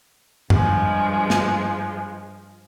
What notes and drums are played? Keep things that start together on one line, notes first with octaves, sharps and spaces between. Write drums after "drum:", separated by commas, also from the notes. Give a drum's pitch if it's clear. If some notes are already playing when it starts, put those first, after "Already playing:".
G2 F3 G#3, drum: tom F#2
drum: snare